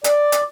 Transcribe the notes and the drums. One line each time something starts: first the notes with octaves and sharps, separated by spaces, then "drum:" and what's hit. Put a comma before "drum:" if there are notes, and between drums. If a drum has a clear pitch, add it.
D5, drum: hi-hat
drum: hi-hat